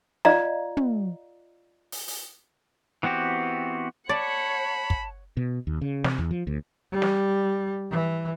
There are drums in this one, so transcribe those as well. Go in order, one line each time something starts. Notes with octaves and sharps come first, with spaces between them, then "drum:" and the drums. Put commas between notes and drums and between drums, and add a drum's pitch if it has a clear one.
F4 D5 D#5 F5 A#5, drum: snare
drum: tom
drum: open hi-hat
drum: open hi-hat
E3 B3 C4 F#4 G4
C#5 D5 F#5 A5 B5
drum: kick
B2
D#2
C#3
C3, drum: snare
E2
F3
D2
G3
drum: snare
E3